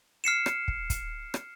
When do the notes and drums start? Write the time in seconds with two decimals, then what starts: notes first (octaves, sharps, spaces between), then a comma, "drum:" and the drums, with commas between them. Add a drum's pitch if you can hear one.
0.24 F6 C7 C#7 E7
0.46 drum: rim click
0.68 drum: kick
0.90 drum: kick, hi-hat
1.34 drum: rim click